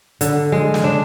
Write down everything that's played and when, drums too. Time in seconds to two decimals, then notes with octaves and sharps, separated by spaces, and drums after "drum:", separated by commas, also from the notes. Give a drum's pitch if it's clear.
0.21 D3, drum: hi-hat
0.52 G#3
0.74 drum: snare
0.84 D4